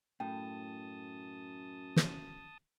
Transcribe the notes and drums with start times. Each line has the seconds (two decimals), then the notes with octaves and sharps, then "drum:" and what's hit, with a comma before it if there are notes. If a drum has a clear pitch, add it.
0.20 F#2 A2 G5 A5 D#6
1.96 drum: snare